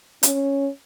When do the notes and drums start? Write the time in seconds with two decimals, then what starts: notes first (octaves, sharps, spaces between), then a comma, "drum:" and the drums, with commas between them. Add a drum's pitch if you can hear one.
0.23 C#4, drum: hi-hat